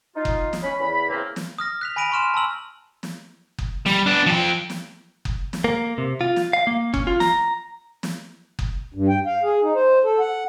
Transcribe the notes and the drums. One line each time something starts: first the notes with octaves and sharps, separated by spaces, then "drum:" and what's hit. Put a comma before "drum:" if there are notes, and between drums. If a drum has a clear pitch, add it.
D#4 F4
drum: kick F#1
drum: snare
C#4 B5
E2 B5
C#3 E3 A#3 C4
drum: snare
D#6 F6 A#6
F#6 B6 F7
G#5 B5 A#6 D7 D#7 F7
G#5 C6 C#6 F6 E7
A5 A#5 C6 E6 F#7
drum: snare
drum: kick F#1
G3, drum: snare
B3 D4
F3 G5
drum: snare
drum: kick F#1
drum: snare
A#3
C3
F4
drum: snare
F5
A#3
C#4, drum: kick F#1
F4
A#5, drum: snare
drum: snare
drum: kick F#1
G2
G5
F5
G#4
D#4
C5
A4
F#5